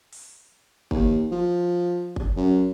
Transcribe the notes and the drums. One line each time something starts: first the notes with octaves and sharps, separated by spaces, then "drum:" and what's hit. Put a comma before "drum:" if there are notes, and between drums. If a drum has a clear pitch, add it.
drum: open hi-hat
D#2, drum: kick F#1
F3
drum: kick F#1
F#2